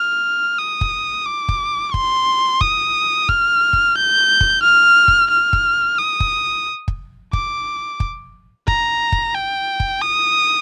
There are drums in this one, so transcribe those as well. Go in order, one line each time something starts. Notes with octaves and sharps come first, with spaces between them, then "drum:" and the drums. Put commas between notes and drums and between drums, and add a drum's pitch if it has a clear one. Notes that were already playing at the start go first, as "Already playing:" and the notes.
Already playing: F6
D#6
drum: kick
D6
drum: kick
C6, drum: kick
D#6, drum: kick
F6, drum: kick
drum: kick
G6
drum: kick
F6
drum: kick
F6
drum: kick
D#6
drum: kick
drum: kick
D6, drum: kick
drum: kick
A#5, drum: kick
drum: kick
G5
drum: kick
D#6